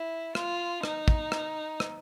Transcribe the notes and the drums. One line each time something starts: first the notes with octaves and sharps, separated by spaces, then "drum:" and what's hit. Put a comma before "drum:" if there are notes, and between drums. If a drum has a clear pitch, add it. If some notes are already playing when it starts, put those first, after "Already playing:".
Already playing: E4
F4, drum: rim click
D#4, drum: rim click
drum: kick
drum: rim click
drum: rim click